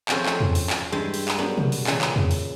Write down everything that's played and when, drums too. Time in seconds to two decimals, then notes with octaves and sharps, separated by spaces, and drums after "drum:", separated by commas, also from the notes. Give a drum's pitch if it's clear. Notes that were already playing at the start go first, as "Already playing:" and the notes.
0.09 F3 C4 C#4 G#4 A4 C5, drum: clap
0.26 drum: clap
0.41 drum: tom E2
0.55 drum: open hi-hat
0.70 drum: clap
0.92 G2 G#3 E4 G4 A5
1.14 drum: open hi-hat
1.28 drum: clap
1.38 F#2 B3 D4
1.58 drum: tom B2
1.72 drum: open hi-hat
1.87 A#2 C#3 E3, drum: clap
2.01 drum: clap
2.16 drum: tom E2
2.31 drum: open hi-hat